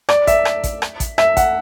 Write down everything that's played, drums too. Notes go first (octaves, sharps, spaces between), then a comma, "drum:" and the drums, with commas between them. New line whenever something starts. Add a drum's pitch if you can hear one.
D5, drum: rim click
E5, drum: kick A1, hi-hat
drum: rim click
drum: kick A1, hi-hat
drum: rim click
drum: kick A1, hi-hat
E5, drum: rim click
F#5, drum: kick A1, hi-hat